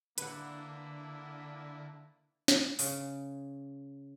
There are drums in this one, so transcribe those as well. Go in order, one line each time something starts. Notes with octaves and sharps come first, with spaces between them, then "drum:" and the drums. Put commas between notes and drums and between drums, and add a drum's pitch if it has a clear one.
D3 A#3 D4 E4 B4 F#5, drum: hi-hat
drum: snare
C#3, drum: open hi-hat